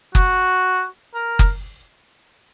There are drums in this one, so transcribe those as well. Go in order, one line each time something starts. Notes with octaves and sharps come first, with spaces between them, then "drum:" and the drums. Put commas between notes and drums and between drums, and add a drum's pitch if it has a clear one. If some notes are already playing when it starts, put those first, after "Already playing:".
F#4, drum: kick F#1
A#4
drum: kick F#1